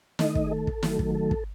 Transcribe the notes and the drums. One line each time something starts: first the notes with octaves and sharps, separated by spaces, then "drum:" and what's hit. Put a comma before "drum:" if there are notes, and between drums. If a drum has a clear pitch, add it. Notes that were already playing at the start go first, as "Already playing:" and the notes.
D#3 A3 D#4 D#5, drum: snare
drum: kick
G#4
A4
drum: kick
D#3 F#3 A3, drum: snare
drum: kick
A4
drum: kick